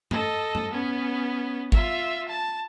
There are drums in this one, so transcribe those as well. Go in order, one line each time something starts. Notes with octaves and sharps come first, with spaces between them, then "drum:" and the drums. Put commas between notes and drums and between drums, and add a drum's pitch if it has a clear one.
A4 D#5, drum: tom G2
drum: tom G2
B3 C#4
F4 E5, drum: kick
A5